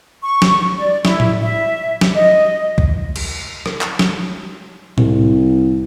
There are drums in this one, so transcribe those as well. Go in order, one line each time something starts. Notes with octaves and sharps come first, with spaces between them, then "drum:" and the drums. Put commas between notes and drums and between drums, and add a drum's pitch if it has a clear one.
C#6
drum: snare
D5
E4, drum: snare
drum: tom A2
E5
drum: snare
D#5
drum: kick C2
drum: cymbal
drum: rim click
drum: clap
drum: snare
C2, drum: tom A2